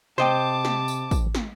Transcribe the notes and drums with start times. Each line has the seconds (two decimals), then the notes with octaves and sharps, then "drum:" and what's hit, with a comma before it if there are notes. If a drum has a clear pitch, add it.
0.18 C3 C5 D#5 G5 A5 D6, drum: snare
0.65 drum: snare
0.88 drum: tambourine
1.11 drum: kick, tambourine
1.35 drum: snare